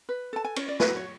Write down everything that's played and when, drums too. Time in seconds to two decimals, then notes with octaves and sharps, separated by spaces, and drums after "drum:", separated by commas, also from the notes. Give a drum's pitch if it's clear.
0.09 B4
0.33 A4 A5
0.45 G#5
0.56 C#4 C#5, drum: cymbal
0.68 D5
0.80 F#4 B4, drum: snare
0.97 C#5